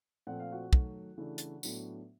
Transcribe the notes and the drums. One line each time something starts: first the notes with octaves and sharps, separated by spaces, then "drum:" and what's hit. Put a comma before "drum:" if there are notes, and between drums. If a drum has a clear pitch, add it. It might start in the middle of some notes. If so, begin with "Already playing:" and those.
A#2 F3 A3 C4 F#5
F5
F#4 F#5
D#3 F#3 A3, drum: kick
C#3 E3 A3 D4
drum: hi-hat
A2 F#3 B3 D4, drum: tambourine